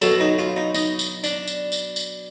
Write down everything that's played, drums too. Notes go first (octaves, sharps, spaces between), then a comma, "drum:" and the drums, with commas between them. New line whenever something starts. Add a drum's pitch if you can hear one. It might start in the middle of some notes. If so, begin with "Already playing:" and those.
B2 F#3 A4, drum: tambourine
D#4
F4
D#4
D#4, drum: tambourine
drum: tambourine
D4, drum: tambourine
drum: tambourine
drum: tambourine
drum: tambourine